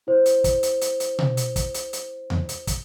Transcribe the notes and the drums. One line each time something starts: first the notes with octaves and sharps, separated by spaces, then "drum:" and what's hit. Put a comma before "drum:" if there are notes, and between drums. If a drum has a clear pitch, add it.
E4 C5
drum: hi-hat
drum: kick, hi-hat
drum: hi-hat
drum: hi-hat
drum: hi-hat
drum: tom B2
drum: hi-hat
drum: kick, hi-hat
drum: hi-hat
drum: hi-hat
drum: tom E2
drum: hi-hat
drum: kick, hi-hat